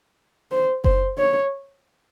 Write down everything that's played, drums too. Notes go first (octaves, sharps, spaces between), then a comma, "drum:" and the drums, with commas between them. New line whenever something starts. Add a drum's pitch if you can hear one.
C5
C5, drum: kick F#1
C#5